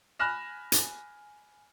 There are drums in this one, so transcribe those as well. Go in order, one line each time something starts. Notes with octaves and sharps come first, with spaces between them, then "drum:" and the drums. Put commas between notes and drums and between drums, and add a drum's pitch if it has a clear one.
G#5 B5 F6 F#6 A#6 E7
drum: hi-hat